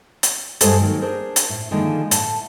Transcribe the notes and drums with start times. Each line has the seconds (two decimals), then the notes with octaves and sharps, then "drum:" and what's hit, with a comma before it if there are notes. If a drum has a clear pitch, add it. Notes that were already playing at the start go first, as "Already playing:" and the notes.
0.23 drum: hi-hat
0.61 G2 G#3 A3 G4 A4 C5, drum: hi-hat
0.81 D#3 F#3 A#3
1.01 D4 G#4 A#4 C5
1.36 drum: hi-hat
1.49 A2
1.71 D3 D#3 F3 G#3 A#3
2.11 A2 F#5 A5, drum: hi-hat